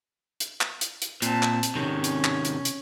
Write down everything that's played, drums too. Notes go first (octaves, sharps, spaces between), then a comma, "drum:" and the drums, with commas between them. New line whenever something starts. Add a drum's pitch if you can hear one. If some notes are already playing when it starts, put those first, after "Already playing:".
drum: hi-hat
drum: clap
drum: hi-hat
drum: hi-hat
A#2 C4 A5, drum: hi-hat
drum: clap
drum: hi-hat
C3 D#3 C#4
drum: hi-hat
drum: clap
drum: hi-hat
drum: hi-hat